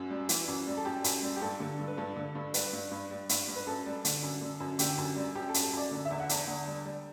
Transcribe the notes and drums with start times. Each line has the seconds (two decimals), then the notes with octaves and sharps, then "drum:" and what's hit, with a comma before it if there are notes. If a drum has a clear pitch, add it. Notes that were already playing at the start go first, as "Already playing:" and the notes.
Already playing: F#2 F#4
0.10 G3
0.29 E3, drum: hi-hat
0.48 F#2
0.67 G3
0.77 A4
0.85 F#2 G4
1.04 F#2, drum: hi-hat
1.22 G3
1.36 G4
1.41 G2 A4
1.60 D3
1.79 G2
1.88 B4
1.97 G2 A4
2.16 D3
2.35 G2
2.54 G3 B4, drum: hi-hat
2.73 G2
2.91 G2
3.11 G3
3.29 G2, drum: hi-hat
3.48 G2
3.56 B4
3.66 F#2 A4
3.86 G3
4.05 D3, drum: hi-hat
4.23 F#2
4.41 D3
4.60 F#2
4.79 D3 G4, drum: hi-hat
4.98 F#2
5.16 G3
5.35 F#2 G4
5.49 A4
5.54 F#2, drum: hi-hat
5.63 A4
5.73 F#2 D5
5.91 D3
6.05 E5
6.10 E2
6.20 F#5
6.29 E2 A5, drum: hi-hat
6.48 D3
6.67 G3
6.85 G3